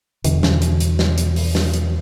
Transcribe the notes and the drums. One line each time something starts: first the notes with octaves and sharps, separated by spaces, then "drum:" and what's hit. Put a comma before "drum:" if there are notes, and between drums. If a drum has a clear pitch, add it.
E2 B2 D3 F#3, drum: hi-hat
drum: snare
drum: hi-hat
drum: hi-hat
drum: snare
drum: hi-hat
drum: open hi-hat
drum: snare
drum: hi-hat